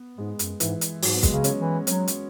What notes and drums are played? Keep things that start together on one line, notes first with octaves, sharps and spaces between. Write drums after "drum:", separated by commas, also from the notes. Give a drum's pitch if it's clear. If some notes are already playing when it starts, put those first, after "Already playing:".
Already playing: B3
G#2 G#3
F#2, drum: hi-hat
G#2 E3, drum: hi-hat
drum: hi-hat
G#2 F#3, drum: open hi-hat
B3
G#3, drum: kick, hi-hat
C#3
C#4, drum: hi-hat
E3
F#3 C#4, drum: hi-hat
drum: hi-hat